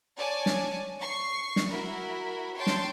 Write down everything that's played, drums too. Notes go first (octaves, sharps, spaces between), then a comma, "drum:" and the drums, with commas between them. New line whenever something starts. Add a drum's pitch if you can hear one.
C#5 D5 G#5 A5
drum: snare
C#6 C7
drum: snare
E4 F#4 A#4 B5
C#5 G5 A5 C6
drum: snare